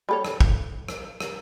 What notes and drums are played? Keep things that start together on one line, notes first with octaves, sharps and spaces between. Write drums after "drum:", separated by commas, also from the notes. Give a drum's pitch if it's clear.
G3 A4 C#5
drum: rim click
drum: kick
drum: rim click
drum: rim click